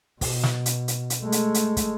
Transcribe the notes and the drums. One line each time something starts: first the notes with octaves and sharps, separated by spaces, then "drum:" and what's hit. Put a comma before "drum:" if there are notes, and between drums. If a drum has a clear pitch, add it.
B2, drum: kick, open hi-hat
drum: snare
drum: hi-hat
drum: hi-hat
drum: hi-hat
G#3 A3
drum: hi-hat
drum: hi-hat
drum: kick, hi-hat